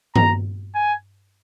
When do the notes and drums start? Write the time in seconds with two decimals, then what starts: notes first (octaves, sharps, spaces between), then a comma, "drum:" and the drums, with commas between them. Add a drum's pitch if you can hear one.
0.16 A#5, drum: tom G2
0.75 G#5